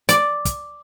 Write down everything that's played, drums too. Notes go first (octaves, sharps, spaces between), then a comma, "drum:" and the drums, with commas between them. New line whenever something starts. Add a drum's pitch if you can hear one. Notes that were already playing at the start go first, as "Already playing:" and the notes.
D5, drum: hi-hat
drum: kick, hi-hat